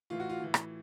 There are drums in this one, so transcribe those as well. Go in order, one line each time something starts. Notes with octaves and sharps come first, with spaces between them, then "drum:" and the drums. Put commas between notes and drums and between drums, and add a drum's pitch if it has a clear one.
A2 E3 F4
F#4
F4
A2 E3
drum: rim click